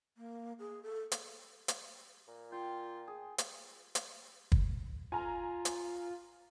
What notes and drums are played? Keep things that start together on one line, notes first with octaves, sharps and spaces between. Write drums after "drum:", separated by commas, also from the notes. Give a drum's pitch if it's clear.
A#3
G#4
A4
drum: hi-hat
drum: hi-hat
A#2
F4 G5
G#4
drum: hi-hat
drum: hi-hat
drum: kick
F4 G#5 A#5
drum: hi-hat